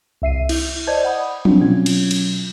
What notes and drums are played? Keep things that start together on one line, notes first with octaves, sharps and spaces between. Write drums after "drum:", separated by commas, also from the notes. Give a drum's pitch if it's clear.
C2 E5 C7 D#7
E4, drum: cymbal
C5 D5 D#5 A5 G6 G#6
F#5 B5 D#6
C4 D4 F4, drum: tom F3
B2 F#3 C#4 F4 G#6
drum: cymbal
drum: cymbal